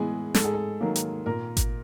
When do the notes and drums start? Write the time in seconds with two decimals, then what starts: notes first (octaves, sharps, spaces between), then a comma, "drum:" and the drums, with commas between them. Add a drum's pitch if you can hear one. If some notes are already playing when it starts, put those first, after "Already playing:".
Already playing: A2 E3 G#3 B3 G#4
0.34 G#2 A4, drum: snare
0.44 G#4
0.54 A4
0.81 D#3 F#3 A#3
0.96 drum: hi-hat
1.26 A#2 A#4
1.57 drum: kick G#1, hi-hat